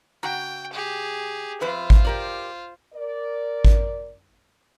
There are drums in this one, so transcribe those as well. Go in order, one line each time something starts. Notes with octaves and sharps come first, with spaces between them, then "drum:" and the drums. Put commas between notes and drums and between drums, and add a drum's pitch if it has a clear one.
C#3 F#4 G5 A#5
G4 G#4
F2 F4 B4 C5 E5
drum: kick G#1
G4 A#4 D5
A#4 D5
drum: kick G#1